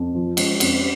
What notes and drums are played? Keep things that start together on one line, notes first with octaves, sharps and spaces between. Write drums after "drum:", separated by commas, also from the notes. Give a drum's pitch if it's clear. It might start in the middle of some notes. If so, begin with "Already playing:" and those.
Already playing: F2
F3
G#3, drum: cymbal
F2, drum: cymbal